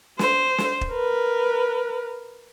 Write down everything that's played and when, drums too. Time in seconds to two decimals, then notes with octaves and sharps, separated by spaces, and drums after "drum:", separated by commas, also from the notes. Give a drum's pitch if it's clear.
0.19 C5, drum: snare
0.58 drum: snare
0.81 drum: kick
0.91 A#4 B4